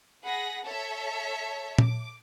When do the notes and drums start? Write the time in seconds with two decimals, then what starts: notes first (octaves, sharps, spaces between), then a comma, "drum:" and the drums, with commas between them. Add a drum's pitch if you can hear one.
0.24 G#4 F#5 B5 A#6
0.66 A4 C#5 E5 A5
1.78 D6, drum: tom A#2